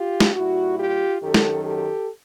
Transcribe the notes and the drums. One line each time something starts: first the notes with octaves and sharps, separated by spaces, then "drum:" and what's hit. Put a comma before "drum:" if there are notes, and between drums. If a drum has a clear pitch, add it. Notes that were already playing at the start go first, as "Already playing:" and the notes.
Already playing: F4 G4
drum: snare
A#2 G3 E4 F#4
F4 G4
F#2 D#3 F#3 G4 A4
drum: snare
G4 A4